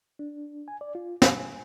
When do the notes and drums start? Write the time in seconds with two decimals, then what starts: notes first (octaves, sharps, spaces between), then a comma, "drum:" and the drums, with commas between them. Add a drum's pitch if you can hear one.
0.19 D4
0.68 G#5
0.81 D5
0.95 F4
1.22 G#5, drum: snare